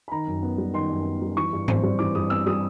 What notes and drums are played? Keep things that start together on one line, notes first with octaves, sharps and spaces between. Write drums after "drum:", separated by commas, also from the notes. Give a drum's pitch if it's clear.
B5
D#3 A#5
F#2
B3
G3
D#3 C6
F#2
B3
G3
E3 C#6
G2
C4, drum: tom G#2
G3
E3 D6
G2 D#6
C4 E6
G3 D#6